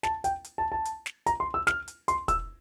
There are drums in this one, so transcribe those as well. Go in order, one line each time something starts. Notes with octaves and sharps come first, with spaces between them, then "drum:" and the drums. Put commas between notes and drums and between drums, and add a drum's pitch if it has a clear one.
A5, drum: snare
G5, drum: hi-hat
drum: hi-hat
A5
A5
drum: hi-hat
drum: snare
A#5, drum: hi-hat
C6
E6
F6, drum: snare
drum: hi-hat
C6, drum: hi-hat
E6, drum: kick, hi-hat